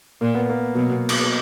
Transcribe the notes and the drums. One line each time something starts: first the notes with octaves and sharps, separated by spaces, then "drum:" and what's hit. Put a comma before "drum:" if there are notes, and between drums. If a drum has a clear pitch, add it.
A#2 A#3
B3
A#3
B2 F#3
drum: cymbal